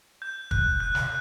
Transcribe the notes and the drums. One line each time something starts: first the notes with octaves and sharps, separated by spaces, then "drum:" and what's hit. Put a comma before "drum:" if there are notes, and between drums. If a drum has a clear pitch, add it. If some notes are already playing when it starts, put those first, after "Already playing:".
G6
F#6, drum: kick
F#6
drum: snare